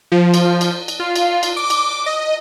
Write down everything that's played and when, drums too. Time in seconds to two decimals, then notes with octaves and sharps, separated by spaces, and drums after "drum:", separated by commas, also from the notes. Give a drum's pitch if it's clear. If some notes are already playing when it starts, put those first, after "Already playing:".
0.12 F3
0.34 drum: cymbal
0.61 drum: cymbal
0.88 drum: cymbal
1.00 F4
1.16 drum: cymbal
1.43 drum: cymbal
1.56 D6
1.70 drum: cymbal
2.06 D#5